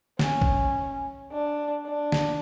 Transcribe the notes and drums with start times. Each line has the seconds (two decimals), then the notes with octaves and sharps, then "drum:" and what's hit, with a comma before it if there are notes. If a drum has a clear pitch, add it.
0.19 C#4, drum: snare
0.41 drum: kick
1.31 D4
1.86 D4
2.12 drum: snare